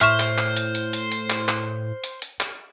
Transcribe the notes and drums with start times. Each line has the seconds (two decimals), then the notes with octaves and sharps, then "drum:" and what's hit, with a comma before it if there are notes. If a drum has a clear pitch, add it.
0.01 A2 C5 E5 C#6 F6 E7, drum: hi-hat
0.20 drum: clap
0.38 drum: clap
0.56 drum: hi-hat
0.75 drum: hi-hat
0.93 drum: hi-hat
1.12 drum: hi-hat
1.30 drum: clap
1.48 drum: clap
2.04 drum: hi-hat
2.22 drum: hi-hat
2.40 drum: clap